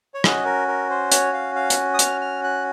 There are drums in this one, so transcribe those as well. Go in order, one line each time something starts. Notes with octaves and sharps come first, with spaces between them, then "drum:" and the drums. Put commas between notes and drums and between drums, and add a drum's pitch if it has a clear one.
C#5
C#4 F#4 D#5, drum: rim click
A#4
A#4
C5
C#5, drum: hi-hat
F5
F5
drum: hi-hat
D#6
F6, drum: hi-hat
F6
F#6